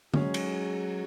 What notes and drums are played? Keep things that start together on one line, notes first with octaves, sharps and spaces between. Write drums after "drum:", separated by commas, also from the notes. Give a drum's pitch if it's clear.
F#3 G#3 C#4 G#4, drum: tom
drum: cymbal